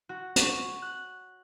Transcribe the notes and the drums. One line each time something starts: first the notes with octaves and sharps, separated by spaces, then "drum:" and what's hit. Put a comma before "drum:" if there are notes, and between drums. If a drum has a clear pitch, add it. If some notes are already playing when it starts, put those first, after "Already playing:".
F#4
C#5, drum: hi-hat
F#6